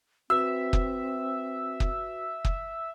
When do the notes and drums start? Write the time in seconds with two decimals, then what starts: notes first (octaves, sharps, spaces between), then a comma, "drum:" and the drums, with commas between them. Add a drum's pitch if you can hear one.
0.30 C4 F#4 B4 E5 E6
0.73 drum: kick
1.80 drum: kick
2.45 drum: kick